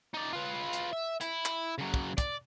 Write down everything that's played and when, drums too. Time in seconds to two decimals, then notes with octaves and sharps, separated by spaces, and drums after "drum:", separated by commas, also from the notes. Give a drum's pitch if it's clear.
0.14 D#4 D5
0.33 F4 B4
0.73 drum: hi-hat
0.93 E5
1.21 E4, drum: hi-hat
1.45 drum: clap
1.78 C#3 F#3
1.94 drum: kick
2.18 D5, drum: kick, hi-hat